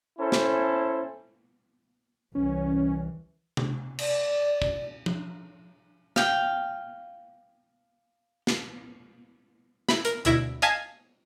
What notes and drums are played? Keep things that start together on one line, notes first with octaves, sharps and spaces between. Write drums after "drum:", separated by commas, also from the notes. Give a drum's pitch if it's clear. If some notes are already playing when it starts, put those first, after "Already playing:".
C#4 E4 A4 C5
drum: snare
C2 E3 C#4
drum: tom C3
D5, drum: cymbal
drum: kick
drum: tom F3
F5 G5, drum: snare
drum: snare
E4 B5, drum: snare
A#4, drum: hi-hat
D2 B2 E4 E5 A#6 D7, drum: hi-hat
D#5 F5 G#5 A5 G#6 B6, drum: hi-hat